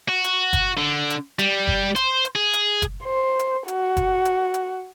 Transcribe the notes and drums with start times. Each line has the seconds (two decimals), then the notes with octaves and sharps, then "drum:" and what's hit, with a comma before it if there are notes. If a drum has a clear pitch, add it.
0.08 F#4
0.24 drum: hi-hat
0.53 drum: kick F#1, hi-hat
0.77 D3
1.10 drum: hi-hat
1.39 G3, drum: hi-hat
1.67 drum: kick F#1
1.96 C5, drum: hi-hat
2.25 drum: hi-hat
2.35 G#4
2.53 drum: hi-hat
2.82 drum: kick F#1, hi-hat
3.04 C5
3.39 drum: hi-hat
3.68 F#4, drum: hi-hat
3.97 drum: kick F#1, hi-hat
4.25 drum: hi-hat
4.54 drum: hi-hat